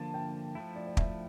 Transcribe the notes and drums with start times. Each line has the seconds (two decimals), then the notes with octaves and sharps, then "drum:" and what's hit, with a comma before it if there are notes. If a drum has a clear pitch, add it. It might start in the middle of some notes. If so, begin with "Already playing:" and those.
Already playing: D3 F3 A#3 A5
0.14 G5
0.55 F3 A3 E4
0.76 D5
0.87 D5
0.97 E5, drum: kick